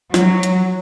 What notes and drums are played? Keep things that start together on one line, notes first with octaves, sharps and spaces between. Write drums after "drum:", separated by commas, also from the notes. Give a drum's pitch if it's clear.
F#3, drum: snare
drum: hi-hat